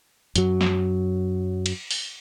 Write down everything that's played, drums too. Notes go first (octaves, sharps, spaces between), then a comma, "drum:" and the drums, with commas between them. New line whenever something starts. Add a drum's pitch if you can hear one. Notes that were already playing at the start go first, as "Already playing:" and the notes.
F#2 F#3, drum: hi-hat
drum: snare
drum: cymbal
drum: open hi-hat